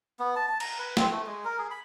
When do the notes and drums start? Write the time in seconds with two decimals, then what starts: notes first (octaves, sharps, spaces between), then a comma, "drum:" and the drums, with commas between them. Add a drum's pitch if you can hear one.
0.19 B3
0.36 A5
0.47 A5
0.60 A#5, drum: cymbal
0.79 B4
0.97 C4, drum: snare
1.10 A3
1.26 G#3
1.45 A#4
1.58 G#4
1.71 B5